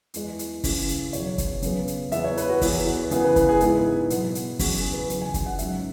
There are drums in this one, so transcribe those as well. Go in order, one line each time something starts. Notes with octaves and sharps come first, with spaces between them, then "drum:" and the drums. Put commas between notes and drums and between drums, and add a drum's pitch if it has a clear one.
E2 E3 G#3, drum: hi-hat
drum: hi-hat
C#3 E3 C#4, drum: kick, open hi-hat
drum: hi-hat
E2 B2 F#3 C#5, drum: hi-hat
drum: kick, hi-hat
C#3 F#3 B3, drum: hi-hat
drum: hi-hat
E2 E3 B3 E5, drum: hi-hat
C#5
B4, drum: hi-hat
F#4
E2 E3 B3 E4, drum: kick, open hi-hat
F#4
C#3 E3 B3 G#4, drum: hi-hat
B4
B4, drum: kick, hi-hat
G#4
G#2 G#3 B3 E4, drum: hi-hat
B2 F#3 B3, drum: hi-hat
drum: hi-hat
E2 C#3 F#3 C#4 F#4, drum: kick, open hi-hat
G#4
B4
C#3 F#3 C#4, drum: hi-hat
G#5
G#5, drum: kick, hi-hat
F#5
G#2 F#3 C#4 E5, drum: hi-hat